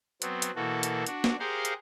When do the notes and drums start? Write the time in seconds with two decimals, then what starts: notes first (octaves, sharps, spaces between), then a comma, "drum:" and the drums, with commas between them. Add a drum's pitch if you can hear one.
0.22 F#3 B3 C4, drum: hi-hat
0.42 drum: hi-hat
0.56 B2 E3 A#3 F#4 A4
0.83 drum: hi-hat
1.07 D4 F#4, drum: hi-hat
1.24 drum: snare
1.40 G4 G#4 A#4 C5 F5 F#5
1.65 drum: hi-hat